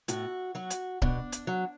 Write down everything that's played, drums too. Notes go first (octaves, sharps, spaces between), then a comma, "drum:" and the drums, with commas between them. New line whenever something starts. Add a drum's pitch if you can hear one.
A2 F#4, drum: hi-hat
F#3 F#4
drum: hi-hat
B2 D4, drum: kick C#1
drum: hi-hat
F#3